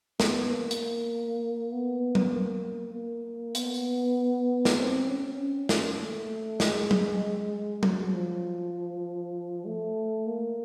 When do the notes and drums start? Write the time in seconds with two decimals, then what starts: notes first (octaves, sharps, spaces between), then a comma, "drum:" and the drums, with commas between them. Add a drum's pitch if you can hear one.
0.20 B3, drum: snare
0.50 A#3
0.71 drum: hi-hat
1.72 B3
2.15 drum: tom F#3
2.33 A#3
2.93 A#3
3.55 B3, drum: hi-hat
3.74 drum: tambourine
4.65 drum: snare
4.77 C4
5.07 C#4
5.39 C#4
5.69 A#3, drum: snare
6.00 A3
6.60 G#3, drum: snare
6.91 drum: tom F#3
7.83 F#3, drum: tom F#3
8.13 F3
9.66 A3
10.26 A#3